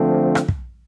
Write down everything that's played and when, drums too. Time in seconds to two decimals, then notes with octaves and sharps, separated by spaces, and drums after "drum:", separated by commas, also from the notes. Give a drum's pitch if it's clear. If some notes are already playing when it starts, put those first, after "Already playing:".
Already playing: D3 F3 A3 C4
0.35 drum: rim click
0.48 drum: kick